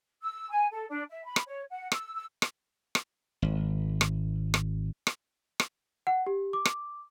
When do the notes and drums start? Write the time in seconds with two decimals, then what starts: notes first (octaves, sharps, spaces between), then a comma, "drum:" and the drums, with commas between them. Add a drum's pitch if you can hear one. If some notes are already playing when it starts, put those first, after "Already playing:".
0.22 E6
0.50 G#5
0.71 A4
0.89 D4
1.10 E5
1.25 B5
1.36 drum: rim click
1.46 C#5
1.70 F#5
1.92 E6, drum: rim click
2.14 E6
2.42 drum: rim click
2.95 drum: rim click
3.42 G#1
4.01 drum: rim click
4.54 drum: rim click
5.07 drum: rim click
5.60 drum: rim click
6.07 F#5
6.27 G4
6.53 D6
6.65 drum: rim click